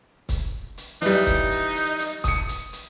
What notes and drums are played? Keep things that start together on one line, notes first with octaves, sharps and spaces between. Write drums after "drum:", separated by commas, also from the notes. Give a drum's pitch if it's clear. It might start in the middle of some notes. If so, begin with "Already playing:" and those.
drum: kick, hi-hat
drum: hi-hat
E3 G3 D#4, drum: hi-hat
drum: kick, hi-hat
drum: hi-hat
drum: hi-hat
drum: hi-hat
D#6 C#7, drum: kick, hi-hat
drum: hi-hat
drum: hi-hat